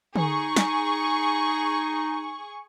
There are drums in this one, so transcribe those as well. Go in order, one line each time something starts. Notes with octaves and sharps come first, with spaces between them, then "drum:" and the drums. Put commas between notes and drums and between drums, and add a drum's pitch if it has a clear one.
D#4 G#4 C#6, drum: tom D3
drum: snare